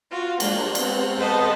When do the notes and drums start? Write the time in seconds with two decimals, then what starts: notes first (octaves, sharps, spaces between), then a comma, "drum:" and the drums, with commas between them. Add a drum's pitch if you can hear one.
0.11 F4 F#4
0.40 G#3 A#3 D4, drum: cymbal
0.75 B3 C4, drum: cymbal
1.17 A4 B4 C5 D#5 F#5 A5